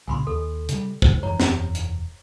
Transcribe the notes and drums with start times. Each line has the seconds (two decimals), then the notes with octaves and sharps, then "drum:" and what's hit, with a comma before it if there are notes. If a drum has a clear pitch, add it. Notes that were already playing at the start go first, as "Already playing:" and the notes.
0.08 C2 A#2 C#3 G#5 B5 C6
0.27 D#2 A4
0.69 C3 G3, drum: hi-hat
1.02 F#1 A2 C5, drum: kick
1.23 E1 F#2 E3 C#5 A#5
1.40 drum: snare
1.75 drum: hi-hat